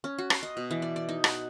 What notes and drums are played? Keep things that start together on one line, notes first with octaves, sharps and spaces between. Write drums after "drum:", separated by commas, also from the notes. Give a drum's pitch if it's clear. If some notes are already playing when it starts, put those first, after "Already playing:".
C#4
F#4
C6, drum: rim click
D#5
B2
E3
D5
D5
D#4
F#5, drum: rim click